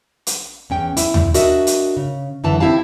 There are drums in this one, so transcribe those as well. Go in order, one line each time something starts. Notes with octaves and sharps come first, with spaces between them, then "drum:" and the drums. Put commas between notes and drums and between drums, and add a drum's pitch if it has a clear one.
drum: hi-hat
E2 C#4 G5
E4, drum: hi-hat
drum: tom D#2
D4 F#4 A#4 D#5 E5, drum: hi-hat
drum: hi-hat
C#3
F#2 D3 E3 A5
C4 D#4 E4 G4 F5 A5